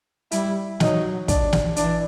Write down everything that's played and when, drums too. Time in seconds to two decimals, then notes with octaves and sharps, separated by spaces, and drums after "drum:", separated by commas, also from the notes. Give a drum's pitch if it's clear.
0.32 G3 E4, drum: hi-hat
0.80 F#3 D#4, drum: snare
1.28 D4, drum: kick, hi-hat
1.53 drum: snare
1.76 E3 D4, drum: hi-hat